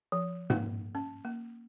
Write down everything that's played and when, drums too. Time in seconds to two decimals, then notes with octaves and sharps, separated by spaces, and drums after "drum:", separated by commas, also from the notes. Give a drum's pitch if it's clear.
0.12 F3
0.50 A#3, drum: tom G#2
0.95 C#4
1.25 A#3